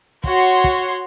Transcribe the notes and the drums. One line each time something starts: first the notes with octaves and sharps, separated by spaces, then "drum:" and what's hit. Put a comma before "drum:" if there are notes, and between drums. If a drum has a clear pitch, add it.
F#4 C#5 C6, drum: kick
drum: kick